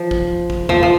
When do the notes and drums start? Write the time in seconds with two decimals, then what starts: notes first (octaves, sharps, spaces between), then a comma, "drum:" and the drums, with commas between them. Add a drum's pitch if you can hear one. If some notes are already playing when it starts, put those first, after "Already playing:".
Already playing: F3
0.11 drum: kick
0.50 drum: kick
0.69 F3, drum: tom E2
0.83 F3